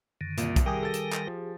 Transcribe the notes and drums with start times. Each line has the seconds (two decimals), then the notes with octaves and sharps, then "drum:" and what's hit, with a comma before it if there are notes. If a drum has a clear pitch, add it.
0.21 F#2 D3 D#3
0.38 C2 A#2, drum: hi-hat
0.56 drum: kick B1, hi-hat
0.66 D#3 G3 G4 G#4 A#4
0.83 A4 A6
0.94 drum: hi-hat
1.13 drum: clap
1.27 F3